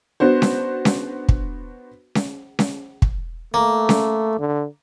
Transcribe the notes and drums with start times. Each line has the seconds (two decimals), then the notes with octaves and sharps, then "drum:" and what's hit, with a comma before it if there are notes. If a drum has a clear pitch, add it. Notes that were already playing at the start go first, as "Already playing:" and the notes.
0.20 B3 D4 F#4 C5
0.42 drum: snare C#4
0.85 drum: snare C#4
1.29 drum: kick
2.15 drum: snare C#4
2.59 drum: snare C#4
3.02 drum: kick
3.54 A3 A#3
3.89 drum: snare C#4
4.39 D3